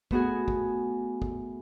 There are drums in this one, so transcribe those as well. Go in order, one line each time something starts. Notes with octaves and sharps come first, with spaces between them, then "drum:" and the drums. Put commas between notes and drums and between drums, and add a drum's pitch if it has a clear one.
A3 B3 F#4 G#4 G#5, drum: kick
drum: kick
drum: kick